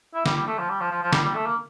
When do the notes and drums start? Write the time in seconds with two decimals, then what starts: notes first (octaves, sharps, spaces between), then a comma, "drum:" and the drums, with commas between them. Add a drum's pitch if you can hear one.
0.14 E4
0.26 G3, drum: snare
0.36 G3
0.47 A3
0.58 F3
0.70 G3
0.81 F3
0.91 F3
1.03 F3
1.13 G3, drum: snare
1.24 G3
1.35 A3
1.46 A#3